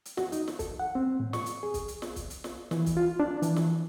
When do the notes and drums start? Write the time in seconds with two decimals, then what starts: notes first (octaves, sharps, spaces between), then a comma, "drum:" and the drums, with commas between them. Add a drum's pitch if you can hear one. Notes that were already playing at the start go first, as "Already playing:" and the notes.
0.05 drum: hi-hat
0.17 F#4, drum: snare
0.32 D#4, drum: hi-hat
0.48 drum: snare
0.59 A4, drum: kick, hi-hat
0.80 F#5
0.95 C4
1.20 A2
1.33 C#6, drum: snare
1.46 drum: hi-hat
1.63 G#4
1.74 drum: kick, hi-hat
1.88 drum: hi-hat
2.02 drum: snare
2.16 drum: kick, hi-hat
2.30 drum: hi-hat
2.44 drum: snare
2.71 E3, drum: snare
2.86 drum: kick, hi-hat
2.97 F4
3.20 D4
3.42 E3, drum: hi-hat
3.56 drum: snare